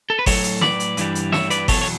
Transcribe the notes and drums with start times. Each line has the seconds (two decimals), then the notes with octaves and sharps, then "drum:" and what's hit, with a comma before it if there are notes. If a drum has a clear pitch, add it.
0.10 A4
0.19 B4
0.26 A2 F#3 A4 C#5, drum: kick G1, open hi-hat
0.44 drum: hi-hat
0.61 B4 D5, drum: snare
0.80 drum: hi-hat
0.97 G2 E3 G3, drum: hi-hat
1.15 drum: hi-hat
1.32 C#5 E5, drum: snare
1.50 B4 D5, drum: hi-hat
1.68 E2 B2 F#3 A4 C#5, drum: kick G1, open hi-hat
1.82 C#5